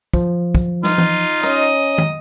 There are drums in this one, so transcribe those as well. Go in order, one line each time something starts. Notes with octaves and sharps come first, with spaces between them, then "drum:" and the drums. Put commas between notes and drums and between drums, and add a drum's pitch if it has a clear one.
F3, drum: kick
drum: kick
D#4 F4, drum: snare
drum: tom E3
C#4 D#5 A#5, drum: rim click
drum: tom